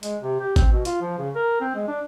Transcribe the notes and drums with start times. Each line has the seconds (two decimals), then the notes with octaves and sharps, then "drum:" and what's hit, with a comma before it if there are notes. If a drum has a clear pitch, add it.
0.03 G#3, drum: hi-hat
0.22 C3
0.39 G4
0.56 C4, drum: kick, hi-hat
0.72 B2
0.85 F4, drum: hi-hat
1.01 F3
1.18 C#3
1.35 A#4
1.61 C4
1.75 G#3
1.88 D4